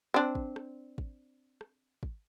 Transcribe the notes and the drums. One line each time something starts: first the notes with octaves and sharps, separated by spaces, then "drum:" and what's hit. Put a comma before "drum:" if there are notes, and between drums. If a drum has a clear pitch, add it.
C4 D4
drum: kick
drum: rim click
drum: kick
drum: rim click
drum: kick